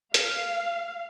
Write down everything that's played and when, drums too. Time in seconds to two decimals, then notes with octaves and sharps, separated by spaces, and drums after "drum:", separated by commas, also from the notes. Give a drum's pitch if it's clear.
0.14 F5, drum: hi-hat